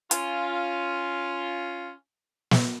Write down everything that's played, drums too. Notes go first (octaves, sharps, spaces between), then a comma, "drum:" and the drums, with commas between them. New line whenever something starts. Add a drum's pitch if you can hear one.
C#4 F4, drum: hi-hat
drum: snare